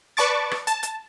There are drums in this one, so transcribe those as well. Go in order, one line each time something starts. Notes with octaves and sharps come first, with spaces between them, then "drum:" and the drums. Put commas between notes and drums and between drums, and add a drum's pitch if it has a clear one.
B4 D5 A5 C#6 D6 A6
drum: rim click
A5, drum: hi-hat
drum: hi-hat